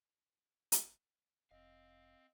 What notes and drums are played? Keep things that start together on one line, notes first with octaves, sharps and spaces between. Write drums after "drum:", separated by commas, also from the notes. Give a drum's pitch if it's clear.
drum: hi-hat
F1 C4 D#5 F5